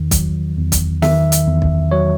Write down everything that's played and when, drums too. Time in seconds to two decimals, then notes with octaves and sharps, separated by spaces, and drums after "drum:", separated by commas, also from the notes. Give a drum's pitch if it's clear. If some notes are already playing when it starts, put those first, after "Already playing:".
Already playing: E2 D#3
0.11 F#3, drum: kick, hi-hat
0.57 E2
0.72 drum: kick, hi-hat
1.02 D#3 E5, drum: snare
1.32 drum: hi-hat
1.47 E2
1.62 drum: kick
1.91 F#3 C#5